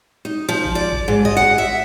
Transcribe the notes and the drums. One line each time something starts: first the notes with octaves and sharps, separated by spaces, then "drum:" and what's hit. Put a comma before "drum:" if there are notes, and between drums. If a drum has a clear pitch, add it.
D#4
F3
drum: kick G#1
D5
drum: kick G#1
G#2
D#5, drum: kick G#1
F#5
E5